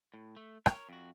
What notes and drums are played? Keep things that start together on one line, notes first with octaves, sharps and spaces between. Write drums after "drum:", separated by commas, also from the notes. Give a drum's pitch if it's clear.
A2
A3
A#4 C#5, drum: rim click
F2 F#4